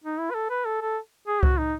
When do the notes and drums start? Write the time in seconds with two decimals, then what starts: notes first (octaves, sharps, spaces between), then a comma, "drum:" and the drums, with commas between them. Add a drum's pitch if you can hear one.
0.04 D#4
0.19 E4
0.31 B4
0.35 A4
0.50 B4
0.66 A4
0.81 A4
1.28 G#4
1.43 F#4, drum: kick C2
1.58 D#4